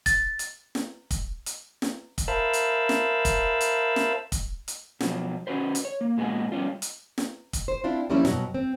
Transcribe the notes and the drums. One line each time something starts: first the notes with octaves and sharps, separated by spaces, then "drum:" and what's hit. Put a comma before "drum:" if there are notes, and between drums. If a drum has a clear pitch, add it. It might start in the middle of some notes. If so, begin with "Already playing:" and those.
A6, drum: kick, hi-hat
drum: hi-hat
drum: snare
drum: kick, hi-hat
drum: hi-hat
drum: snare
drum: kick, hi-hat
A#4 C5 E5 F5 A5 B5
drum: hi-hat
drum: snare
drum: kick, hi-hat
drum: hi-hat
drum: snare
drum: kick, hi-hat
drum: hi-hat
B2 F3 F#3, drum: snare
C#4 F#4 B4 C5
drum: hi-hat
C#5
A#3
A#2 G#3 B3 F#4 G#5
G3 B3 C#4 F4
drum: hi-hat
drum: snare
drum: kick, hi-hat
C5
C4 D4 E4 F4
F3 G3 A#3 C#4 E4
G2 B2 F#3, drum: snare
C4